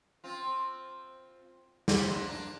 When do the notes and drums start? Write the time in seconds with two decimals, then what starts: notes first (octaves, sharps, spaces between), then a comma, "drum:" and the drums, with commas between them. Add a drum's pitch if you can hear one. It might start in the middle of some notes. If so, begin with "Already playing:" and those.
0.24 C4 F4
1.88 G3 C4, drum: snare
2.08 A#3 D4
2.28 A#3 D4